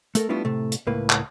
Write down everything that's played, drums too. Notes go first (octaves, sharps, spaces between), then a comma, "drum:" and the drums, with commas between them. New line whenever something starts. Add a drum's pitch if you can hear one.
A3 A4 A#4, drum: hi-hat
G3 A3 B3 D4 E4 F4
A2 C3 A3
drum: hi-hat
C#2 A2 A#3 B4
drum: clap